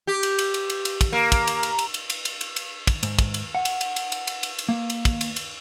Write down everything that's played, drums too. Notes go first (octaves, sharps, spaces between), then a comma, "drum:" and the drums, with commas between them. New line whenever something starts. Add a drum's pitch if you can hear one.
G4
drum: cymbal
drum: cymbal
drum: cymbal
drum: cymbal
drum: cymbal
drum: kick, cymbal
A#3
drum: kick, cymbal
drum: cymbal
drum: cymbal
drum: cymbal
drum: cymbal
drum: cymbal
drum: cymbal
drum: cymbal
drum: cymbal
drum: kick, cymbal
G#2, drum: cymbal
drum: kick, cymbal
drum: cymbal
F#5
drum: cymbal
drum: cymbal
drum: cymbal
drum: cymbal
drum: cymbal
drum: cymbal
drum: cymbal
A#3
drum: cymbal
drum: kick, cymbal
drum: cymbal
drum: cymbal